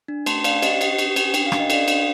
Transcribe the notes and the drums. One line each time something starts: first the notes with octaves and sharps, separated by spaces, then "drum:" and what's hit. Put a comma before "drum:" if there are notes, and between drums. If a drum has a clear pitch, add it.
D4
A3 A5 C6, drum: cymbal
D4 D5 F5, drum: cymbal
G4 C5 D#5, drum: cymbal
G4, drum: cymbal
G4, drum: cymbal
D4, drum: cymbal
D4 G5, drum: cymbal
F5
D4, drum: rim click
D#5
A4 D5 F5, drum: cymbal
D4, drum: cymbal